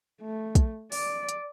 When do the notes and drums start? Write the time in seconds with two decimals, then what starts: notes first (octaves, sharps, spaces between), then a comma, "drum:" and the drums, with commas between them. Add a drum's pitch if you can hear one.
0.22 A3
0.55 drum: kick, hi-hat
0.92 D5, drum: open hi-hat
1.29 drum: hi-hat